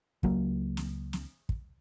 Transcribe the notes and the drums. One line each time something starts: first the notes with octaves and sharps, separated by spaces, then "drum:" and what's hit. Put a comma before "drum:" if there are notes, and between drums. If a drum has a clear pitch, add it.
C#2 F#3 A#3, drum: kick
drum: snare
drum: snare
drum: kick